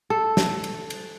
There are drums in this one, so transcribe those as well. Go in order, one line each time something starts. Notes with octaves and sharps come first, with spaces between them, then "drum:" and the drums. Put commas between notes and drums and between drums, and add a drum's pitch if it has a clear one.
A4
drum: snare
drum: cymbal
drum: cymbal